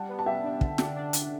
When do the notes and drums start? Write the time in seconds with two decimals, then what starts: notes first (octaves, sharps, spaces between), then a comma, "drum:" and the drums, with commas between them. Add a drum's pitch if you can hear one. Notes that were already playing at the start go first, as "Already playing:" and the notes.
Already playing: G3 F#5 A5
0.08 B3
0.19 A5
0.26 G3 E5 G5
0.43 D4
0.61 D3, drum: kick
0.78 D4, drum: snare
0.96 D4
1.13 D4, drum: hi-hat
1.22 F#5